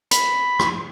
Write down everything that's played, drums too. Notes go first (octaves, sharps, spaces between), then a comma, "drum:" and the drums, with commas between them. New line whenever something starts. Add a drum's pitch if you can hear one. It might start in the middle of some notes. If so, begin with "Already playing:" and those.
B5, drum: hi-hat
drum: rim click